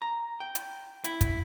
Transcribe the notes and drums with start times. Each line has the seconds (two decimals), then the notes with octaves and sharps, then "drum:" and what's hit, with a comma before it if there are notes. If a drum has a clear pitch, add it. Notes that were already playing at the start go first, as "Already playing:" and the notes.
0.02 A#5
0.40 G5
0.55 drum: hi-hat
1.04 E4, drum: hi-hat
1.21 drum: kick, hi-hat